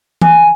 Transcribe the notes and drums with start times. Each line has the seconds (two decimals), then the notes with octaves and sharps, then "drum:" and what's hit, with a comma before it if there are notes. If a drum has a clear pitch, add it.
0.22 G#5, drum: tom E3